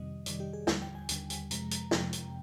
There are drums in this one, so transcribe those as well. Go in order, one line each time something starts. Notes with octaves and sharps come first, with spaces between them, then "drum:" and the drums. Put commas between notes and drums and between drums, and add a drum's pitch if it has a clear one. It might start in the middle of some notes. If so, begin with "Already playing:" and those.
Already playing: F2 C3 D#3 G3 D#5
F2 C3 D#3 G3 D5, drum: hi-hat
G4
G#4
D#2 D3 G3 G5, drum: snare
G5
G#5
D#2 D3 G3, drum: hi-hat
drum: hi-hat
F2 C3 F3 G#3 A#5, drum: hi-hat
drum: hi-hat
F2 C3 F3 G#3 G5, drum: snare
drum: hi-hat